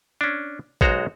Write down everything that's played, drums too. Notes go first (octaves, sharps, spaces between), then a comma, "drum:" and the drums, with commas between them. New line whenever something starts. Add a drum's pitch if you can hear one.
C#4 D4
B1 G#3 F#4 C5 A#5, drum: kick